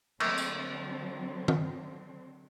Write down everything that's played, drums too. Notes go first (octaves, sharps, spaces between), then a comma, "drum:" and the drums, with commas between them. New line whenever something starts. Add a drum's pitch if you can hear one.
D3 F#3 A3 A#3 C4, drum: cymbal
drum: tambourine
drum: tom D#3